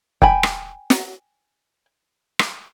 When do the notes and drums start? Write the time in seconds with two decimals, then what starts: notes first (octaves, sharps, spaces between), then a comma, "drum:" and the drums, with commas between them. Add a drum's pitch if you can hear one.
0.22 G5 G#5 B5, drum: kick
0.43 drum: rim click
0.90 drum: snare
2.39 drum: rim click